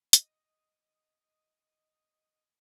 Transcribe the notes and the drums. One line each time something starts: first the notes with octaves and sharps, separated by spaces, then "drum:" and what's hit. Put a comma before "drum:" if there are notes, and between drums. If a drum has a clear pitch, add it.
D#5 D#6, drum: hi-hat